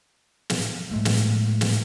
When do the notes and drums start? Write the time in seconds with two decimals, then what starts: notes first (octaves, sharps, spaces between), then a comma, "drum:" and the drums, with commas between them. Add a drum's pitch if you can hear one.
0.50 drum: snare
0.91 A2 G#3 A3
1.05 drum: snare
1.61 drum: snare